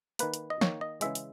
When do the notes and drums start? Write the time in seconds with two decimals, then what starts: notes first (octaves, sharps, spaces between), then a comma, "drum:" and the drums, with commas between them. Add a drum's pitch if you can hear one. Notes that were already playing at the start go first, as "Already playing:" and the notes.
0.19 D#3 A#3 B4, drum: hi-hat
0.34 drum: hi-hat
0.50 D#5
0.61 D#3 A#3 C#5, drum: snare
0.81 D#5
1.01 C#3 E3 G#3 E5, drum: hi-hat
1.15 drum: hi-hat